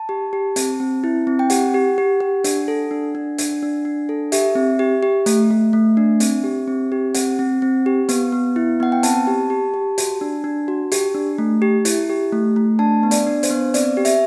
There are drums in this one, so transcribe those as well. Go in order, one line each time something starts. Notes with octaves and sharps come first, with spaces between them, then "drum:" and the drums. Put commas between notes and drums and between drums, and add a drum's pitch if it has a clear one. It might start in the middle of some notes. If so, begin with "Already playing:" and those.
Already playing: A5
G4
G4
C4, drum: hi-hat
C4
E4
C4
G5
G4 F#5, drum: hi-hat
G4
G4
G4
D4, drum: hi-hat
A4
D4
D4
D4, drum: hi-hat
D4
D4
A4
G4 E5, drum: hi-hat
C4
G4
G4
A3, drum: hi-hat
A3
A3
D4
C4, drum: hi-hat
G4
C4
G4
C4 F#5, drum: hi-hat
C4
C4
G4
B3, drum: hi-hat
B3
E4
B3 F#5
G5
C4 A5, drum: hi-hat
G4
G4
G4
F#4, drum: hi-hat
D4
D4
F#4
G4, drum: hi-hat
D4
A3
G4
E4, drum: hi-hat
G4
A3
A3
D4 A5
B3
D5, drum: hi-hat
D4
C5, drum: hi-hat
B3
C4 D5, drum: hi-hat
G4
E5, drum: hi-hat